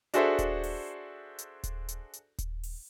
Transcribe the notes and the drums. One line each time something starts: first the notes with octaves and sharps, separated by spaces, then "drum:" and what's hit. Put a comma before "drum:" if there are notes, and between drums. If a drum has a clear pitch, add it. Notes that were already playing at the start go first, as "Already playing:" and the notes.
D4 F#4 G#4 A4 C5 E5, drum: hi-hat
drum: kick D#1, hi-hat
drum: open hi-hat
drum: hi-hat
drum: kick D#1, hi-hat
drum: hi-hat
drum: hi-hat
drum: kick D#1, hi-hat
drum: open hi-hat